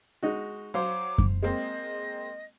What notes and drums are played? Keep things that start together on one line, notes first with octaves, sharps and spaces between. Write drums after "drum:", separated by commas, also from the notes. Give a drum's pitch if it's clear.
G#3 D#4 F#4
F#3 C5 F5 D6
drum: kick F#2
G#3 A#3 C4 D#5